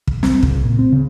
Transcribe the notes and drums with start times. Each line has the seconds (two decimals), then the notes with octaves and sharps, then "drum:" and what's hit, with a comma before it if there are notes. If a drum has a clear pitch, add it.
0.07 drum: kick
0.23 C4, drum: snare
0.43 C#2, drum: kick
0.63 A#2
0.79 C4
0.92 C#3